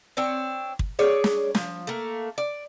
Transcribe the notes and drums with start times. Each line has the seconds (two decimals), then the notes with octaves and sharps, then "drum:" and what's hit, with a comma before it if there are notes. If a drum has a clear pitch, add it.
0.17 C4 D4 C#5
0.79 drum: kick
0.99 G#4 C#5 D5
1.24 drum: snare
1.55 F3, drum: snare
1.87 A3 A#3
2.38 D5